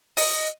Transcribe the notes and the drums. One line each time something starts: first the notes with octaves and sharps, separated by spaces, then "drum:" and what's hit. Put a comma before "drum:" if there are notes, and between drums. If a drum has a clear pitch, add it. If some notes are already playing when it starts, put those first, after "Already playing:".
D#5, drum: open hi-hat